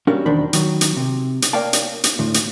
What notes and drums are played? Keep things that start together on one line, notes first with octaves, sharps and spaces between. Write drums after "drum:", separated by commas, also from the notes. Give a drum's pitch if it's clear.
G3 C#4 D4 F#4 A#4 F5
B1 E2 D#3 D4 C5 B5
D#3 F#3, drum: hi-hat
drum: hi-hat
C3
drum: hi-hat
A#4 C#5 D5 F5 G5 A5
drum: hi-hat
drum: hi-hat
D2 A2
drum: hi-hat